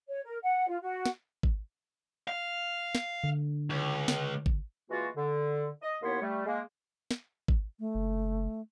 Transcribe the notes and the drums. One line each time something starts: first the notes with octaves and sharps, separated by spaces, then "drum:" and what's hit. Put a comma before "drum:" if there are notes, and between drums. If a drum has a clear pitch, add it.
C#5
A#4
F#5
F4
F#4
drum: snare
drum: kick G#1
F5
drum: snare
D3
C#2
drum: snare
drum: kick G#1
E3 G#3 A#3 F4 F#4
D3
D#5
D#2 A#3 B3 E4 C#5 C6
G3 A3
G#3 A#3
drum: snare
drum: kick G#1
A3
F#1